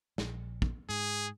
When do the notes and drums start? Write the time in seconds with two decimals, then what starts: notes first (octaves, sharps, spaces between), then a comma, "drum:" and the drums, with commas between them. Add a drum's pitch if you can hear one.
0.18 A#1, drum: snare
0.62 drum: kick
0.89 G#2 G#4